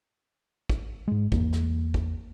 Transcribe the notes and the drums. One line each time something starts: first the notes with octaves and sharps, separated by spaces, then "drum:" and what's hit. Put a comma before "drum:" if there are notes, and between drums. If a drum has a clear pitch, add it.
drum: kick
G#2 G#3
E2 A#3, drum: kick
drum: snare
drum: kick